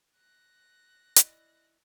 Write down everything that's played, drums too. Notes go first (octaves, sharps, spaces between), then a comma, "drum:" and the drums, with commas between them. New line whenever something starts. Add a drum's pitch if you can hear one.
F#6 A#6
E4 D5 D#5, drum: hi-hat